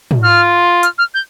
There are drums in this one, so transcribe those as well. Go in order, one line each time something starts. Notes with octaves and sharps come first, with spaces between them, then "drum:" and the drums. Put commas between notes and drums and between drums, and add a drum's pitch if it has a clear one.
drum: tom
F4 F6
F6, drum: hi-hat
F6
G6